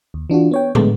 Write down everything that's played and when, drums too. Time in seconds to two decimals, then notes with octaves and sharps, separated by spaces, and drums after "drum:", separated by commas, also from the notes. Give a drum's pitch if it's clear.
0.14 D#2
0.30 E3 D4 F4 F#4
0.51 B3 C#5 G5
0.75 D3 G#3 A3 B3, drum: tom